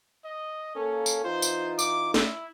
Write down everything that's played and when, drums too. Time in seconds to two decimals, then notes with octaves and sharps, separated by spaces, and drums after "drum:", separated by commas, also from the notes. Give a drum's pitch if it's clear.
0.25 D#5
0.75 A#3 C#4 A4
1.06 drum: tambourine
1.24 E3 D#4 F4 C5
1.42 drum: tambourine
1.79 D6, drum: tambourine
2.14 E4, drum: snare